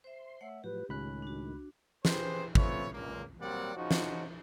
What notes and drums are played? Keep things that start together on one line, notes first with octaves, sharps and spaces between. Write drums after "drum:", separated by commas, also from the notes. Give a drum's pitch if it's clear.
C5 E5 C6
A3 C#5 E5 F#5
A2 F3 F#3 G4 B4
C#2 A2 D#3 C#4 B5 F#6
D4 F#4
G4 G#4 B4 C5, drum: snare
A3 C4 F4 B4 C#5, drum: kick
C#2 A#2 A#3
F#3 G3 A#3 C4 D5 F#5
C#3 F3 D#4 F#4
drum: snare